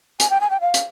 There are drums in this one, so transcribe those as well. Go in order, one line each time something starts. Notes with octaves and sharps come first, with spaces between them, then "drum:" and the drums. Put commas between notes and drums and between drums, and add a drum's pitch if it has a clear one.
G#5, drum: hi-hat
G5
G#5
G5
F5
drum: hi-hat